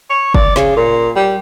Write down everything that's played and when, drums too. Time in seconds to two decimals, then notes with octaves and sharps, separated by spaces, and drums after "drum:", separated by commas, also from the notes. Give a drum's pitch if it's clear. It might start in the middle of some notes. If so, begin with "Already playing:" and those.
0.10 C#5
0.34 D5, drum: kick F#1
0.56 C#3, drum: snare
0.76 A#2
1.16 G3